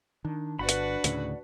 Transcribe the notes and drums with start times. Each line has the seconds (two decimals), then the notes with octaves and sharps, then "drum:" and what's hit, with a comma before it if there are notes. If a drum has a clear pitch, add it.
0.25 D#3 D4
0.59 G1 F#4 B4 D5 F#5 B5
0.69 drum: hi-hat
1.04 D2 A2 C#3, drum: hi-hat